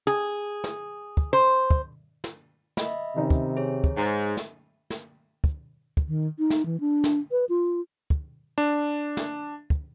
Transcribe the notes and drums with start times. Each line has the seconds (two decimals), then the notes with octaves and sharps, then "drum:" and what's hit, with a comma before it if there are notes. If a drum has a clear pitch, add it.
0.07 G#4
0.64 drum: snare
1.17 drum: kick
1.33 C5
1.70 drum: kick
2.24 drum: snare
2.77 D#5 E5 B5, drum: snare
3.16 C3 D#3 C#4 D#4
3.30 drum: kick
3.57 G#4 C#5
3.84 drum: kick
3.97 G#2
4.37 drum: snare
4.90 drum: snare
5.44 drum: kick
5.97 drum: kick
6.08 D#3
6.39 D#4
6.50 drum: snare
6.66 E3
6.80 D4
7.04 drum: snare
7.31 B4
7.49 F4
8.10 drum: kick
8.58 D4
9.17 drum: snare
9.70 drum: kick